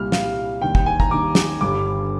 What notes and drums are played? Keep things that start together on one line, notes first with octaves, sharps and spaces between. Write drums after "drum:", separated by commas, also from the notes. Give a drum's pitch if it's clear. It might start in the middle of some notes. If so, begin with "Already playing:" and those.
Already playing: C2 A#2 G3 F6
C2 A#2 G3 F5, drum: snare
D#2 D#3 G3 G5
G5, drum: kick
G#5
A#5, drum: kick
D#2 D#3 G3 D6
drum: snare
G1 G2 D3 G3 D6